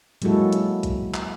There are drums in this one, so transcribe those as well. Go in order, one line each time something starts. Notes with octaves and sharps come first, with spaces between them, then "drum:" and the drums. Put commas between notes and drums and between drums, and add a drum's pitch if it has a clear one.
F#3 G#3 A#3 E4 F#4 A4, drum: hi-hat
drum: hi-hat
drum: kick A#1, hi-hat
drum: clap